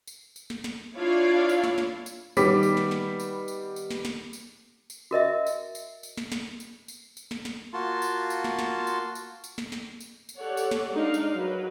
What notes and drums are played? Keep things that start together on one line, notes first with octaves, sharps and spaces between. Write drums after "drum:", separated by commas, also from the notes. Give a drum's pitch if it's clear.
drum: tambourine
drum: tambourine
drum: snare
drum: snare
D4 E4 F4 C#5 D5 F5
drum: tambourine
drum: snare
drum: snare
drum: tambourine
D#3 G3 B3 G4 D6 B6, drum: tambourine
drum: tambourine
drum: snare
drum: snare
drum: tambourine
drum: tambourine
drum: tambourine
drum: snare
drum: snare
drum: tambourine
drum: tambourine
F#4 A#4 D#5 E5
drum: tambourine
drum: tambourine
drum: tambourine
drum: snare
drum: snare
drum: tambourine
drum: tambourine
drum: tambourine
drum: snare
drum: snare
A#3 F4 F#4 A5 C6
drum: tambourine
drum: tambourine
drum: snare
drum: snare
drum: tambourine
drum: tambourine
drum: tambourine
drum: snare
drum: snare
drum: tambourine
drum: tambourine
G4 A4 C#5 D5 F#5
drum: tambourine
drum: snare
G#3 D4 D#4 D5 F5
drum: tambourine
F#3 A#4 B4